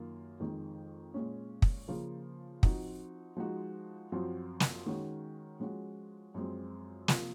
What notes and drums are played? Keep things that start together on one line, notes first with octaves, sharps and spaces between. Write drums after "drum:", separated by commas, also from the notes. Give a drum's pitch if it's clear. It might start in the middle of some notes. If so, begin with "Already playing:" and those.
Already playing: F#2 D#3 A#3 F4
F2 D#3 G#3
A#2 G#3 C#4
drum: kick
C#3 F3 A#3
F3 C4 D#4 F#4, drum: kick
F3 G#3 D#4 F#4
F#2 F3 C4 F#4
drum: snare
D#3 G#3 C#4 F#4
F3 G#3 C#4 F#4
F#2 F3 G#3 C4
C3 F3 A#3 F4, drum: snare